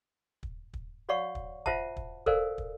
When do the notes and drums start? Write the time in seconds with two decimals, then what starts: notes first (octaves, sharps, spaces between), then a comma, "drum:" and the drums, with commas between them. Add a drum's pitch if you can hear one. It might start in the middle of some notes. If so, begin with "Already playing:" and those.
0.43 drum: kick
0.74 drum: kick
1.09 F#4 C#5 D5 F5 F#5 C#6
1.35 drum: kick
1.66 F4 C5 E5 F#5 A5, drum: kick
1.97 drum: kick
2.26 A4 A#4 C5 D5 F5 G#5, drum: kick
2.58 drum: kick